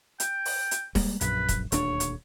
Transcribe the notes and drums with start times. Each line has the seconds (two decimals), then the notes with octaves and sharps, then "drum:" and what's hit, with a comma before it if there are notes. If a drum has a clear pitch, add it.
0.20 G5, drum: hi-hat
0.45 drum: open hi-hat
0.71 drum: hi-hat
0.95 G3 G#3 A#3, drum: kick D#1, open hi-hat
1.21 A#1 F#2 B4, drum: hi-hat
1.48 drum: kick D#1, hi-hat
1.72 D#1 D2 D4 C#5, drum: hi-hat
2.00 drum: hi-hat